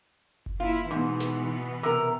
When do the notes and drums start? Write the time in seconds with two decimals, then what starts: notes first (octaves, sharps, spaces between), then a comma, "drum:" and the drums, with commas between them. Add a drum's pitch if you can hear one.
0.46 drum: kick F#1
0.60 A#3 E4 F4
0.91 G#2 B2 E3 B3
1.20 drum: snare
1.83 C3 A#4